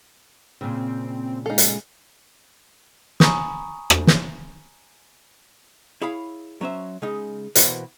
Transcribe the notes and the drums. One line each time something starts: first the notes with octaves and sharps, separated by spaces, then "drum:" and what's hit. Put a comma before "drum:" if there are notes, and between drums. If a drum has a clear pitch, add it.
A#2 C#3 C4
G#3 D#4 A4 F5
drum: hi-hat
G#5 A#5 B5 C#6 D#6, drum: snare
drum: rim click
drum: snare
E4 G#4 C#5 F5 B5
F#3 C#4 C5 E5
C#3 G#3 D#4
B2 E3 A#3 F#4 B4 C5, drum: hi-hat